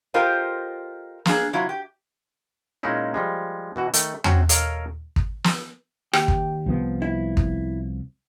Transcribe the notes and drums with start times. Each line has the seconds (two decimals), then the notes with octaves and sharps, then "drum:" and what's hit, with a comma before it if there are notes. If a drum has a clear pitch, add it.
0.14 F4 G4 A4 A#4 C5 D#5
1.25 A#3 D4 G#4, drum: snare
1.53 C3 F#3 E4 F4
1.69 G4
2.83 A#2 G#3 A#3 C#4 D#4 E4
3.14 F3 G3 G#3
3.76 B2 E3 F#4
3.94 D#3 A3, drum: hi-hat
4.24 C4 C#4 F#4, drum: tom E2
4.49 A4 A#4 C#5 D#5 F5, drum: hi-hat
5.16 drum: kick
5.44 drum: snare
6.13 D#2 G4, drum: rim click
6.28 drum: kick
6.66 C2 F3 B3
7.02 E4
7.37 drum: kick